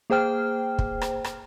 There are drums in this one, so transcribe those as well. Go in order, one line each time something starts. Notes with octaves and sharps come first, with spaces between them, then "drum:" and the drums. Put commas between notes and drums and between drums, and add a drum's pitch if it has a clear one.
A#3 G#4 C5 G5 F6
drum: kick
drum: rim click
drum: rim click